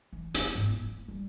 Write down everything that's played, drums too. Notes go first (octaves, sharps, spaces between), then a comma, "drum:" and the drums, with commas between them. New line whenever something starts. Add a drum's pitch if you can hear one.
E3
B3, drum: hi-hat
G#2
B3
A#3
G3